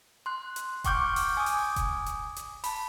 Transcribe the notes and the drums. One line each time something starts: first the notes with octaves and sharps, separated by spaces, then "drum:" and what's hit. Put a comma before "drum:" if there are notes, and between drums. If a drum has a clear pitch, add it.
C6 F#6
drum: hi-hat
F#5 G5 C#6 D6 F6 G6, drum: kick E1, hi-hat
drum: open hi-hat
G#5 D6 D#6
drum: open hi-hat
drum: kick E1, hi-hat
drum: hi-hat
drum: hi-hat
A5 B5, drum: open hi-hat